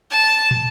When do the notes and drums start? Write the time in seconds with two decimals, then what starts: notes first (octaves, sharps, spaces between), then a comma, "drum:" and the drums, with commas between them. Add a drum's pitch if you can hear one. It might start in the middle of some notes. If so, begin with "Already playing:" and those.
0.11 A5
0.51 drum: tom